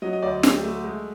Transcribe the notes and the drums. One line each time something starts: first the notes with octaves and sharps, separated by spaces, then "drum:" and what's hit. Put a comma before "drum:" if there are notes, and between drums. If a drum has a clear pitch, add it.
F#3 D#5
D#5
D2 D5
A3, drum: snare
A3
G#3